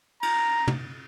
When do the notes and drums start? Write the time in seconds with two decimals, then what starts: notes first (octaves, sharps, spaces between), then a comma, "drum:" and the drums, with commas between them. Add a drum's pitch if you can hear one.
0.23 A#5, drum: cymbal
0.67 drum: tom